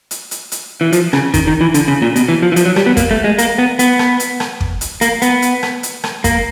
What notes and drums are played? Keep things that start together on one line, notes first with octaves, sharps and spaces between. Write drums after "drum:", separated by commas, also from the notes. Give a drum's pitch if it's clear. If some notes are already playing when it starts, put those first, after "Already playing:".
drum: hi-hat
drum: hi-hat
drum: hi-hat
E3
F3, drum: hi-hat
C#3, drum: rim click
D#3, drum: kick, hi-hat
D#3
E3
D3, drum: hi-hat
C#3
A#2
B2, drum: hi-hat
E3
F3
E3
F3, drum: hi-hat
F#3
G3, drum: rim click
B3
A#3, drum: kick, hi-hat
A3
G#3
A#3, drum: hi-hat
B3
B3, drum: hi-hat
drum: rim click
drum: hi-hat
drum: rim click
drum: kick
drum: hi-hat
A#3, drum: hi-hat
B3, drum: hi-hat
drum: hi-hat
drum: rim click
drum: hi-hat
drum: rim click
A#3, drum: kick, hi-hat